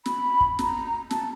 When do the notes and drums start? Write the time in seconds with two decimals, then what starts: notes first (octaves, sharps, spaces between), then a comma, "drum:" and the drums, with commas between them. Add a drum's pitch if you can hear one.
0.06 B5, drum: snare
0.41 drum: kick
0.59 A#5, drum: snare
1.11 A5, drum: snare